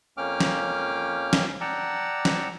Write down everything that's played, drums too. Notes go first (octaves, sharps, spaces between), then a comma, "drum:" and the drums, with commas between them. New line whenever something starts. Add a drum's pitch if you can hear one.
F2 A#3 C#4 G5 D6 F6
drum: snare
drum: snare
D5 F#5 G5 A5 A#5 E6
drum: snare